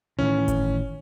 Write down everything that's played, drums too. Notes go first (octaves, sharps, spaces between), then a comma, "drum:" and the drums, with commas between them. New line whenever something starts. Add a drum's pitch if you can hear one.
A2 D#3 E3 C#4
drum: kick G1, hi-hat